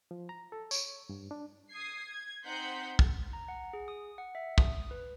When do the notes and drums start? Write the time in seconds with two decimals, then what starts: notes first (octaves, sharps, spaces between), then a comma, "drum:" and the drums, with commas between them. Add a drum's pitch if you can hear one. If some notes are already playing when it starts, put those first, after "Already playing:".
0.11 F3
0.29 A#5
0.52 A4
0.71 C#5, drum: tambourine
1.09 G2
1.31 D4
1.71 D#6 G#6 C7
2.07 G#6
2.45 C4 D#4 F#5 C6 G6 B6
2.99 drum: kick
3.33 A#5
3.48 F#5
3.73 G#4
3.88 D#6
4.18 F#5
4.35 E5
4.58 D#6, drum: kick
4.91 B4